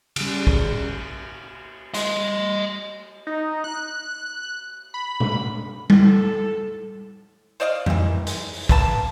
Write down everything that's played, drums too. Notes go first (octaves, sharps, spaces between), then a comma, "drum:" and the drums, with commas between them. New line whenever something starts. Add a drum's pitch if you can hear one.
C#3 G3, drum: cymbal
drum: kick
D#5 C6, drum: hi-hat
D#4
F#6
B5
drum: tom B2
drum: tom G3
A4
C5 D5 D#5 F5
D#3 E3, drum: tom F2
G#3, drum: hi-hat
drum: open hi-hat
A#3 B4 A5, drum: kick